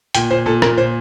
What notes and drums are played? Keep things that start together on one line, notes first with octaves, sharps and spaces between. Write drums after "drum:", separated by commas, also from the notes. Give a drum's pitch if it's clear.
A#2 G5, drum: hi-hat
A#2 C5
A#2 A4
A#2 A#4, drum: rim click
A#2 C5